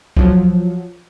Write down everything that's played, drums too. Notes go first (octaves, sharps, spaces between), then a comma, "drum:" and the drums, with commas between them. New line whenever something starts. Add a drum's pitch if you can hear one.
F3 F#3, drum: kick C2